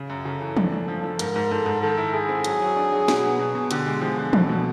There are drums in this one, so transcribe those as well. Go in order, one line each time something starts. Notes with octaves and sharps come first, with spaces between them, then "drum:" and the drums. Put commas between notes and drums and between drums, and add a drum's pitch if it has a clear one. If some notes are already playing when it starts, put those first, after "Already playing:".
Already playing: C#3
F#2
C#3 A4
E3
D4, drum: tom E3
D4
F3
F3
G#2 A#4, drum: hi-hat
G#2
G#2 A4
G#2
D#3 A4
E4
E4 G#4
C4
F#3, drum: hi-hat
F#3
D4
F#3
B2, drum: snare
B3
B2
B2
D3 G4, drum: hi-hat
G#3
F3 G#4
D3
B2 A4, drum: tom E3
B2